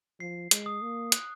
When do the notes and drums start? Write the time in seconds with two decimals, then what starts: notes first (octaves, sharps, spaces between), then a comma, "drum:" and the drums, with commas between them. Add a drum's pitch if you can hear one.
0.20 F3 C7
0.51 G#3, drum: hi-hat
0.66 D#6
0.82 A#3
1.12 F#6, drum: hi-hat